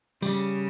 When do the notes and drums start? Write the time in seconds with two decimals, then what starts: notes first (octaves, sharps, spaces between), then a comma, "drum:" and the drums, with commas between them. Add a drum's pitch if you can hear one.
0.22 C#3 G3, drum: tambourine